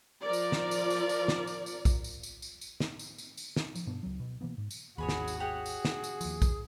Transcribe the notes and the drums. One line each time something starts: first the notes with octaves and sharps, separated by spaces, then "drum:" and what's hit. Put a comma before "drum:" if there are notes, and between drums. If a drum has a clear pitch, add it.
F3 A#4 D5
drum: tambourine
drum: snare
drum: tambourine
drum: tambourine
drum: tambourine
drum: snare
drum: tambourine
drum: tambourine
drum: kick A#1, tambourine
drum: tambourine
drum: tambourine
drum: tambourine
drum: tambourine
drum: snare
drum: tambourine
drum: tambourine
drum: tambourine
drum: snare
F3, drum: tambourine
G2 B2 B3 D4
C#2 F#3
B2
B2 E3 A#3 B3
G#2
drum: tambourine
G#1 D#2 F#4 G#4 C#5 G#5 B5
drum: snare
drum: tambourine
G4 G#4 C#5 F#5
drum: tambourine
drum: snare
drum: tambourine
D#2 F3, drum: tambourine
drum: kick A#1, tambourine